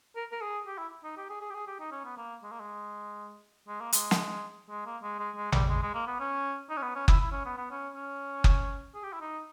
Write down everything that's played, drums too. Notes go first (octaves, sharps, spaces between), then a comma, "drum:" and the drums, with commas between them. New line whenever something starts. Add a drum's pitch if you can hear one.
A#4
A#4
G#4
G4
E4
D#4
G4
G#4
G#4
G4
G#4
G4
D#4
C#4
B3
A#3
G#3
A#3
G#3
G#3
A#3
G#3, drum: hi-hat
drum: snare
G#3
A#3
G#3
G#3
G#3
G3, drum: tom A1
G#3
G#3
A#3
B3
C#4
D#4
C#4
B3
C#4
E4, drum: kick F#1
E4
C#4
B3
B3
C#4
C#4
drum: kick F#1
G#4
G4
E4
D#4